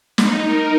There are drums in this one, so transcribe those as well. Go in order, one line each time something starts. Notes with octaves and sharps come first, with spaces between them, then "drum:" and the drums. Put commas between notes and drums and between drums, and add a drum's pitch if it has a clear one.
D#4, drum: snare
A#4